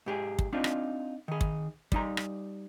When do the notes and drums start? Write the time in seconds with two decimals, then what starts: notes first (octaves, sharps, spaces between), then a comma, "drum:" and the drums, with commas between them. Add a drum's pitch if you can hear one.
0.06 G#2 G4 G#4
0.39 drum: kick
0.53 C4 D4 D#4 F4
0.64 drum: rim click
1.28 D#3 G#4
1.41 drum: kick
1.92 G3 D#4 A#5, drum: kick
2.17 drum: rim click